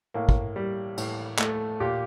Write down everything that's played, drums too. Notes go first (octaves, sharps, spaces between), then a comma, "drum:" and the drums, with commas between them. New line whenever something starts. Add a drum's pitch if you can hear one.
A2 A#3
drum: kick
G3
A2, drum: cymbal
A3, drum: clap
A#2 G4